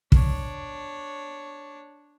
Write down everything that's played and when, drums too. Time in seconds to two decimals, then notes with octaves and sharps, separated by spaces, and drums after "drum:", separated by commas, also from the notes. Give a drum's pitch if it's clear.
0.12 D4 C#5, drum: kick